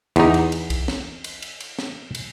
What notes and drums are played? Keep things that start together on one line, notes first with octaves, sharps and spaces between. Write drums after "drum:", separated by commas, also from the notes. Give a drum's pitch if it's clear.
E2 D#4, drum: cymbal
drum: cymbal
drum: cymbal
drum: kick, cymbal
drum: snare
drum: cymbal
drum: cymbal
drum: cymbal
drum: snare
drum: cymbal